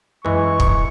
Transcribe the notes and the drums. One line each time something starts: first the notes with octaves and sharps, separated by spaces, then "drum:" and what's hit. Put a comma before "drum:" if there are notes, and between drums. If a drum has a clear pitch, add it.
F#2 E3 G#3 B4 C#6
drum: kick